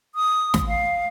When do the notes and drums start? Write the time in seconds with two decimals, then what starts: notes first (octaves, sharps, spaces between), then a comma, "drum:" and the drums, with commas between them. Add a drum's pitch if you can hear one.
0.15 D#6
0.54 drum: snare
0.68 F5